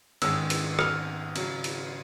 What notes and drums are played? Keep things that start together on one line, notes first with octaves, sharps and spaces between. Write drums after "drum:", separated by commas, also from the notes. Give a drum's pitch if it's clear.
G#2 D#3 G#3 C#4 E6, drum: cymbal
drum: cymbal
F6, drum: rim click
C#3 F#3, drum: cymbal
drum: cymbal